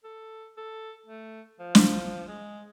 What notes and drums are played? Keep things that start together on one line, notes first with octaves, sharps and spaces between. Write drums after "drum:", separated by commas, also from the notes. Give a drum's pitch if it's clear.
A4
A4
A3
F3
drum: snare
G#3